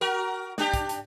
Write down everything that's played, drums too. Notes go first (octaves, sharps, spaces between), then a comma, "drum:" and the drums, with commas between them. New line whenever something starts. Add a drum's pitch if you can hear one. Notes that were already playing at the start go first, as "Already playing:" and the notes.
F#4 A#4
D4 G4, drum: snare
drum: kick, hi-hat
drum: hi-hat